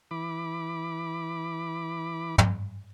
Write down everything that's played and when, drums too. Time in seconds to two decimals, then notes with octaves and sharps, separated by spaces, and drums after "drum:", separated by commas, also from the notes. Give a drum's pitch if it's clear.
0.11 E3 B5 D6
2.38 drum: tom